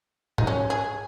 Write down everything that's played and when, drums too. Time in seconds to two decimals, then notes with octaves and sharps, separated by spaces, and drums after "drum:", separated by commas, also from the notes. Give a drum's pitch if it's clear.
0.38 D#4, drum: tom G#2
0.47 C#4
0.70 G#4